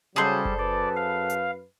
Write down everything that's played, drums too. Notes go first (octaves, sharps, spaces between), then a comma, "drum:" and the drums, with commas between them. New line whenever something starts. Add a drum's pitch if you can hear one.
C#3 F#3 G3 G#4 A4 C5
drum: kick F#1
F#2 B4 D5
F5
drum: hi-hat